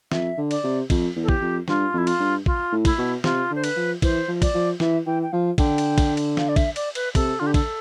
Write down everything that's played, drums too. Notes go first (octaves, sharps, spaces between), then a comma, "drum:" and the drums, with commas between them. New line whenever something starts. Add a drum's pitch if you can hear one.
F2 E5, drum: snare
D3
D5, drum: cymbal
C3
F2, drum: kick, cymbal
E2
A4
G4, drum: kick
F2
G2 F4, drum: snare
F2 E4
F4, drum: cymbal
G2
F4, drum: kick
A2
E4, drum: kick, cymbal
B2
C3 F4, drum: snare
D3 C5
B4, drum: cymbal
F3
E3 C5, drum: kick, cymbal
F3
D5, drum: kick, cymbal
F3
E3 E5, drum: snare
E3 G5
G5
F3 F5
D3 G5, drum: kick, cymbal
drum: cymbal
drum: kick, cymbal
drum: cymbal
F5, drum: snare
D5
E5, drum: kick, cymbal
D5, drum: cymbal
B4, drum: cymbal
C3 A4, drum: kick, cymbal
D3 F4
G4
A4, drum: kick, cymbal